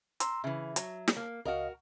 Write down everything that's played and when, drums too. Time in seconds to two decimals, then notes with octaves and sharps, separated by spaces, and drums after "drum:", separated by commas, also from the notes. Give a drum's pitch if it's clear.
0.20 A#5 C6 E6, drum: hi-hat
0.44 C#3 E3 E5
0.76 F#3, drum: hi-hat
1.08 drum: snare
1.17 A#3
1.45 C#2 F#4 A#4 D#5 F5